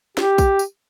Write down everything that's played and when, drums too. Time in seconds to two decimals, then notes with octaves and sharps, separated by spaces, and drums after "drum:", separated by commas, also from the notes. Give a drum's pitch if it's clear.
0.17 G4, drum: snare
0.38 drum: kick, tambourine
0.59 drum: tambourine